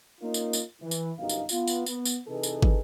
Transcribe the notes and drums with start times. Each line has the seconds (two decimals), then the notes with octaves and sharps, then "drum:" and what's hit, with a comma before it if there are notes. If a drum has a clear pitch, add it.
0.21 A#3 C#4 D#4 F4 A#4
0.34 drum: tambourine
0.53 drum: tambourine
0.80 E3
0.91 drum: tambourine
1.17 G1 F#2 B2 D#4 G4 F5
1.29 drum: tambourine
1.49 B3 F4, drum: tambourine
1.67 drum: tambourine
1.86 B3, drum: tambourine
2.05 drum: tambourine
2.28 C3 E3 D#4 G#4 A4 B4
2.43 drum: tambourine
2.62 drum: kick